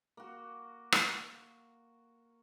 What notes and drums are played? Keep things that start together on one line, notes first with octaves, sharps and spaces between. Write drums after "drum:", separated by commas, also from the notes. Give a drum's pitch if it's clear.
A#3 F#4
drum: rim click